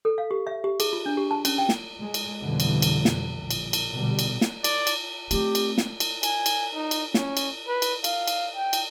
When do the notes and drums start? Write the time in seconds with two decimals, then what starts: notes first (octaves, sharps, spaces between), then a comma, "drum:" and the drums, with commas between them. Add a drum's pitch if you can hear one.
0.05 A4
0.18 F5
0.31 G4
0.47 E5
0.64 G4
0.80 G#4, drum: cymbal
0.93 F4
1.06 D4
1.17 G4
1.31 A5
1.45 C#4, drum: cymbal
1.58 G5
1.69 drum: snare
1.98 G#3
2.14 drum: cymbal
2.43 F2 B2 D3 E3 F3 G3
2.60 drum: cymbal
2.82 drum: cymbal
3.05 drum: snare
3.37 A#1
3.51 drum: cymbal
3.73 drum: cymbal
3.92 B2 D3 G3
4.19 drum: cymbal
4.41 drum: snare
4.64 D5, drum: cymbal
4.87 drum: cymbal
5.31 A3 C4 G4, drum: cymbal
5.55 drum: cymbal
5.78 drum: snare
6.00 drum: cymbal
6.23 G#5, drum: cymbal
6.46 drum: cymbal
6.74 D#4
6.91 drum: cymbal
7.14 C#4, drum: snare
7.37 drum: cymbal
7.68 B4
7.82 drum: cymbal
8.04 F5, drum: cymbal
8.27 drum: cymbal
8.56 G5
8.73 drum: cymbal